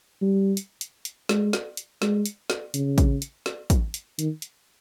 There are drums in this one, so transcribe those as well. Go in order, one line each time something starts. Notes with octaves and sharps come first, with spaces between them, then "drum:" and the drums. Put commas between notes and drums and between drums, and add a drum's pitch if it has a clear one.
G3
drum: hi-hat
drum: hi-hat
drum: hi-hat
G#3, drum: snare
drum: snare
drum: hi-hat
G#3, drum: snare
drum: hi-hat
drum: snare
C#3, drum: hi-hat
drum: kick, hi-hat
drum: hi-hat
drum: snare
drum: kick, hi-hat
drum: hi-hat
D#3, drum: hi-hat
drum: hi-hat